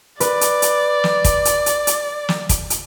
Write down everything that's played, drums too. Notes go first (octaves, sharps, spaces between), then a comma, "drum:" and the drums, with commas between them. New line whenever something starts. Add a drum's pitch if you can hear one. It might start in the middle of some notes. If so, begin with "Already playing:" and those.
B4 D5, drum: hi-hat
drum: hi-hat
drum: hi-hat
drum: snare
drum: kick, hi-hat
drum: hi-hat
drum: hi-hat
drum: hi-hat
drum: snare
drum: kick, hi-hat
drum: hi-hat